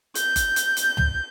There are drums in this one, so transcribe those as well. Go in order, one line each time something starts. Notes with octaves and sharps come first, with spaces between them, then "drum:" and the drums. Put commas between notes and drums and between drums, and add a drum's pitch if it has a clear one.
G6, drum: hi-hat
drum: kick F#1, hi-hat
drum: hi-hat
drum: hi-hat
drum: tom